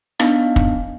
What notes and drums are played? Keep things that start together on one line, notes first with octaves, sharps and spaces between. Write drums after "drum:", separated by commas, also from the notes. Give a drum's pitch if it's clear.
B3 D4 D#4 F5, drum: rim click
drum: kick